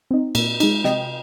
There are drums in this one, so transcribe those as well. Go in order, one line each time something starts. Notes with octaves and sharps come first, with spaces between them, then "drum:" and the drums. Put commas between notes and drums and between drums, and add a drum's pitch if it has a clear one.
C4 D#4
A#2, drum: cymbal
G#3 D#4, drum: cymbal
C3 D#5 G5, drum: snare